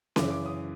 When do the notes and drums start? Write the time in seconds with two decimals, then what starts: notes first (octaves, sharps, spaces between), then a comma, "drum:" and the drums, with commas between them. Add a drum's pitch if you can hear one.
0.16 F#2 C#3 E3 D6, drum: snare C#4
0.30 D6
0.46 D#6